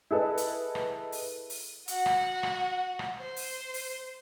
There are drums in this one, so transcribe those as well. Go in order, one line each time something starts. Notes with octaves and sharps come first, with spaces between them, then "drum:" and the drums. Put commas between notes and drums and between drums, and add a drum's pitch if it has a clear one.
E4 G#4 A4 B4 D#5
drum: hi-hat
drum: rim click
drum: open hi-hat
drum: open hi-hat
F#4 F#5, drum: hi-hat
drum: rim click
drum: rim click
drum: rim click
C5
drum: open hi-hat
drum: open hi-hat